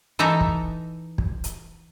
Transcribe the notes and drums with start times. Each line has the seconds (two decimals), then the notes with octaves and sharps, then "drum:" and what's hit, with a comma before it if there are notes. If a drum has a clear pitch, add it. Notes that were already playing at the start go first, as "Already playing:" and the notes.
0.19 E3 D#4 A4 E5 A#5
0.41 drum: kick
1.18 drum: kick
1.44 drum: hi-hat